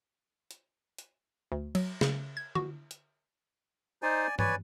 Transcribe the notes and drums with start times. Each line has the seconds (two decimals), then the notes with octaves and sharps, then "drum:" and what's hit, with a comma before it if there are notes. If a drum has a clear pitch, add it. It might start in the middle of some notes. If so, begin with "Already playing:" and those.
0.51 drum: hi-hat
0.98 drum: hi-hat
1.52 D2
1.75 F#3, drum: cymbal
2.01 C#3, drum: snare
2.37 G#6
2.55 F#4, drum: tom D3
2.91 drum: hi-hat
4.03 D#4 C5 D5 G#5
4.39 B4 C#5 D5 G#5, drum: tom G2